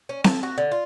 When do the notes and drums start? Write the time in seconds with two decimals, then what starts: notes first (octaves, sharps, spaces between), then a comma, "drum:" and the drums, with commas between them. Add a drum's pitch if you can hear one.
0.09 C#4
0.24 A4, drum: snare C4
0.43 F#4
0.58 D3
0.72 F4